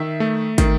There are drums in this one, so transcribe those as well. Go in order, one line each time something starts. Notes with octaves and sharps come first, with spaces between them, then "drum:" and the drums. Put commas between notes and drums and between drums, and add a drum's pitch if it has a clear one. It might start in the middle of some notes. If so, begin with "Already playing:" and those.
Already playing: D#3 E5
A3
D#3, drum: kick, hi-hat